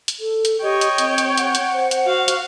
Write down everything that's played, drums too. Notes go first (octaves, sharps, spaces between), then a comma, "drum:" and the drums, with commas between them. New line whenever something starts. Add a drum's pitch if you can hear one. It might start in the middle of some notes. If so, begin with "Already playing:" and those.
drum: hi-hat
A4
drum: hi-hat
G4 C#5 D#5 G5
drum: hi-hat
C4, drum: hi-hat
drum: hi-hat
F#5, drum: hi-hat
drum: hi-hat
C5
drum: hi-hat
F#4 F5
drum: hi-hat